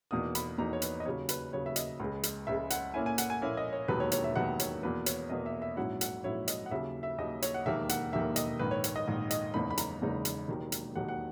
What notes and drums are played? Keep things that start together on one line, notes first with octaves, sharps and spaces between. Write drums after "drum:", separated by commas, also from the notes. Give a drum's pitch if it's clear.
E2 B2 A#3 D#4 D#6
B5, drum: hi-hat
E2 B2 A#3 D#4 A#5
C#5
B4, drum: hi-hat
D#5
D#2 C#3 F#3 C#5
B4, drum: hi-hat
D#2 C#3 F#3 C#5
E5
D#5, drum: hi-hat
C#2 C#3 G#3
drum: hi-hat
C#2 C#3 G#3 E5
F#5, drum: hi-hat
A#2 A#3 C#4 E4 G#5
G#5
F#5, drum: hi-hat
G#5
A#2 A#3 C#4 E4
D#5
C#5
E1 D#2 D#3 F#3 B3 B4
C#5
C#5, drum: hi-hat
E5
E1 D#2 D#3 F#3 B3 F#5
C#5, drum: hi-hat
E2 B2 A#3 B4
C#5, drum: hi-hat
E2 B2 A#3 D#5
E5
E5
A#1 G#2 F#3 C#4 E4 F#5
F#5, drum: hi-hat
A#1 G#2 F#3 C#4 E4 C#5
D#5, drum: hi-hat
F#5
D#2 C#3 F#3 E5
E5
D#2 C#3 F#3 D#5
C#5, drum: hi-hat
F#5
E1 D#2 D#3 A#3 E5
F#5, drum: hi-hat
E1 D#2 D#3 A#3 E5
D#5, drum: hi-hat
A#1 G#2 D#3 A#3 B4
C#5
C#5, drum: hi-hat
D#5
A#1 G#2 D#3 A#3
D#5, drum: hi-hat
F#1 E2 C#3 G#3 D#4 B5
B5
A#5, drum: hi-hat
F#1 E2 C#3 G#3 D#4
drum: hi-hat
E1 D#2 D#3 F#3
drum: hi-hat
E1 D#2 D#3 F#3 F#5
F#5